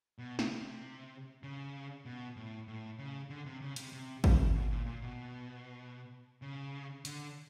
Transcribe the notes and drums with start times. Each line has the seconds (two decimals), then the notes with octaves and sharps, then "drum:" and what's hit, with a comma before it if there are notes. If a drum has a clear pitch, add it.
0.18 B2
0.39 B2, drum: snare
0.50 C3
1.43 C#3
2.05 B2
2.36 A2
2.68 A2
2.99 C#3
3.30 D3
3.46 C3
3.62 C#3
3.76 C3, drum: hi-hat
3.93 C3
4.24 C#3, drum: kick
4.55 B2
4.71 A#2
4.86 A#2
5.02 B2
6.42 C#3
7.05 D3, drum: hi-hat